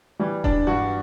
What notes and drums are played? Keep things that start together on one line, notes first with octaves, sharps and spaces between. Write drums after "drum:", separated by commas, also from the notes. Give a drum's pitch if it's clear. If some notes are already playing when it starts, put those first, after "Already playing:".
E3 G3
D4, drum: kick D#1
G2 F#4